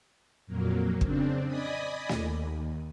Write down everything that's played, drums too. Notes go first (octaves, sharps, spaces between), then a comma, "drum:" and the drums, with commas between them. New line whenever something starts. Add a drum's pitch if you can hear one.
F2 A#2 F#3 A#3
C#3 C4 D4, drum: kick
D5 D#5 G#5 B5 D#6
D#2, drum: snare